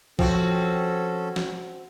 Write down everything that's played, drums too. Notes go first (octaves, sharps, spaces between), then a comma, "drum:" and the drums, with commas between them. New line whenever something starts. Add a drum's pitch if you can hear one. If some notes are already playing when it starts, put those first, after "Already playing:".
F3 C4 C#4 F#4 A4, drum: kick B1
drum: snare